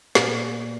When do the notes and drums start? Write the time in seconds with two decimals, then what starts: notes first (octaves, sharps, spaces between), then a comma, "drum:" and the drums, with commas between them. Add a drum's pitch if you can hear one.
0.15 A#2, drum: snare